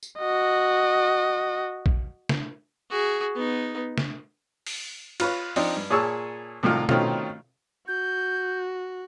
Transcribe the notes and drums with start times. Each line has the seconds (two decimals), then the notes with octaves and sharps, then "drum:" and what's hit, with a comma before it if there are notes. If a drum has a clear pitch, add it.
0.03 drum: tambourine
0.19 F#4 D#5
1.86 drum: kick A#1
2.29 drum: snare
2.91 F#4 G#4
3.35 B3 D#4
3.98 drum: snare
4.67 drum: open hi-hat
5.20 F4 B4 C#5, drum: cymbal
5.56 F3 C4 D4 D#4, drum: open hi-hat
5.77 G2
5.90 A#2 G#4 C#5 A5 C#6 E6
6.63 C2 A2 D#3 F4
6.89 B2 D#3 A3 C4 C#4 F4, drum: tom B2
7.88 F#4 G6